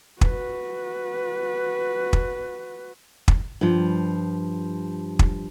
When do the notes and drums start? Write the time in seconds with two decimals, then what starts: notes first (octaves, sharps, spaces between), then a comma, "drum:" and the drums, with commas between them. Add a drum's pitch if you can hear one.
0.21 F#4 B4, drum: kick
2.13 drum: kick
3.28 drum: kick
3.61 G2 F3
5.19 drum: kick